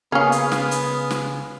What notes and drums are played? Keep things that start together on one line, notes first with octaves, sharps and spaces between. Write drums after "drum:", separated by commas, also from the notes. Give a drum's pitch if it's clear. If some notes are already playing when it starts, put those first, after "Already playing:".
C#3 A#3 B3 C#4 G#4 F5 F6
drum: hi-hat
drum: snare
drum: hi-hat
drum: snare